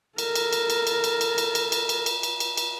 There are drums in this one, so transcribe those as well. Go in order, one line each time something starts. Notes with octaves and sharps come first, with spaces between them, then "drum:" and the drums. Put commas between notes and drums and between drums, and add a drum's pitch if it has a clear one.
A4 A#4, drum: cymbal
drum: cymbal
drum: cymbal
drum: cymbal
drum: cymbal
drum: cymbal
drum: cymbal
drum: cymbal
drum: cymbal
drum: cymbal
drum: cymbal
drum: cymbal
drum: cymbal
drum: cymbal
drum: cymbal